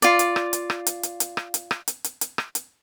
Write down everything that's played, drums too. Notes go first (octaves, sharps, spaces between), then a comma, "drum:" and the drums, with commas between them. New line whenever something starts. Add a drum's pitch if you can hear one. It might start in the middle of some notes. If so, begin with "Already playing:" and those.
F4 D5, drum: hi-hat
drum: hi-hat
drum: rim click
drum: hi-hat
drum: rim click
drum: hi-hat
drum: hi-hat
drum: hi-hat
drum: rim click
drum: hi-hat
drum: rim click
drum: hi-hat
drum: hi-hat
drum: hi-hat
drum: rim click
drum: hi-hat